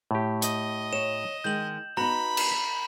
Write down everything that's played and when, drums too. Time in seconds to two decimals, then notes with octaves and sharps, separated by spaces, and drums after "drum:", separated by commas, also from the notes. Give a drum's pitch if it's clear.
0.11 A2 G4
0.42 D#5, drum: hi-hat
0.93 C#5 E7
1.44 D#3 G#3 G6 F#7
1.97 B3 D#4 F#4 A#5 B5
2.37 drum: cymbal